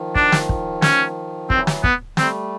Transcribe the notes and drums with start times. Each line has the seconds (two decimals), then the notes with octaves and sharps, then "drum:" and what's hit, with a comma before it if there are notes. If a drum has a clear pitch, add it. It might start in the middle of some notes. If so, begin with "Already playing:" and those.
Already playing: D#3 F3
0.15 D4, drum: kick
0.32 drum: snare
0.49 drum: kick
0.82 C#4, drum: snare
1.50 E3 F#3 C4, drum: kick
1.67 drum: snare
1.84 B3, drum: kick
2.17 G3 A3 C4, drum: snare